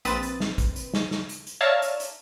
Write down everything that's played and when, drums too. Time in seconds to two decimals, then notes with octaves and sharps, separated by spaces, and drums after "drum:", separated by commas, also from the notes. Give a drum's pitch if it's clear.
0.05 A#1 C4 B4 D#6 A6, drum: hi-hat
0.23 drum: hi-hat
0.40 drum: snare
0.58 drum: kick, hi-hat
0.76 drum: hi-hat
0.94 drum: snare
1.11 drum: snare
1.29 drum: hi-hat
1.47 drum: hi-hat
1.61 C#5 D5 E5 F5 A5 A#5
1.82 drum: hi-hat
2.00 drum: hi-hat